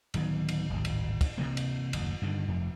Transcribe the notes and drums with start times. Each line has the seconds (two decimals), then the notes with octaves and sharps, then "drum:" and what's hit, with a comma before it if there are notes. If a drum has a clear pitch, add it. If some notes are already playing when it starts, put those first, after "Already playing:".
0.14 D1 D#3 F#3 B3, drum: cymbal
0.49 drum: cymbal
0.70 D1 G#1 G2
0.85 drum: cymbal
1.21 drum: kick, cymbal
1.38 C3 D#3 E3 A#3
1.57 drum: cymbal
1.93 F#1 D#2, drum: cymbal
2.22 G2 D3 D#3
2.48 F1 F2 A3